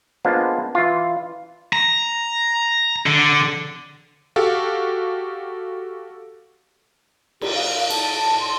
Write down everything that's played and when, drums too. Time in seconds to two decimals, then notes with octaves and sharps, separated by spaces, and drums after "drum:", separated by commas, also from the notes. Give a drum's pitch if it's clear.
0.25 G#3 A#3 B3 D4 F4 C5
0.75 E3 F4
1.73 A#5
3.06 D3
4.36 F#4 G4 A4 F5
7.41 G4, drum: cymbal
7.55 F5
7.90 A5, drum: cymbal
8.14 A5
8.41 C6